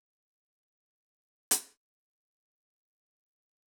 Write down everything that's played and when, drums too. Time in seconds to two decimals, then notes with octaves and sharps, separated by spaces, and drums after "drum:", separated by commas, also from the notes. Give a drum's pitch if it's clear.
0.28 A2
1.51 drum: hi-hat
2.02 A2